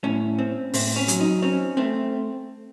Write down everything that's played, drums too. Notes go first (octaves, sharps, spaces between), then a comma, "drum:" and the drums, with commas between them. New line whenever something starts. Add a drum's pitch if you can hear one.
A2 C#4
C4
A2 C4, drum: open hi-hat
C#4
F#3, drum: hi-hat
D#4
C4 C#4
A3 C4